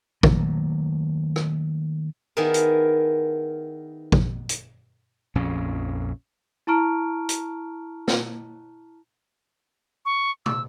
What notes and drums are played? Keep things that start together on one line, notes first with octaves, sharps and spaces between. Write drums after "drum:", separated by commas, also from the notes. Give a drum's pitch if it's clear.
D#3 F#3 A3 A#3, drum: kick
drum: rim click
D#3 B3 E4 G#4 A#4
drum: hi-hat
drum: kick
drum: hi-hat
A#1 F2 A#2 C#4
E4 A5 A#5 C#6 F6 D7
drum: hi-hat
drum: snare
C#6
E6, drum: tom